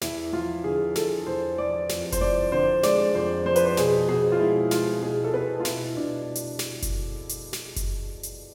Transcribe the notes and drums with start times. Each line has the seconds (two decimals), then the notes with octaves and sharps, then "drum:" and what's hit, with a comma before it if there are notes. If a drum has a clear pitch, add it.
0.01 E2 E4, drum: snare
0.33 F3 F4
0.64 D3 G#4
0.95 E2 A4, drum: snare
1.26 E2 C5
1.58 F3 D5
1.89 F2, drum: snare
2.12 C5, drum: kick F#1, hi-hat
2.21 F3 D5
2.52 D3 C5
2.83 G#3 D5, drum: snare
3.15 F2 C5
3.46 F3 C5
3.56 B4, drum: hi-hat
3.66 C5
3.77 B2 G#4, drum: snare
4.08 B2 G#4
4.32 F4
4.40 G#3 E4
4.71 G#3 F4, drum: snare
5.02 B2 G#4
5.25 A4
5.33 B2 B4
5.60 F4
5.65 B2 E4, drum: snare
5.96 B2 D4
6.35 drum: hi-hat
6.59 drum: snare
6.82 drum: kick F#1, hi-hat
7.29 drum: hi-hat
7.53 drum: snare
7.76 drum: kick F#1, hi-hat
8.23 drum: hi-hat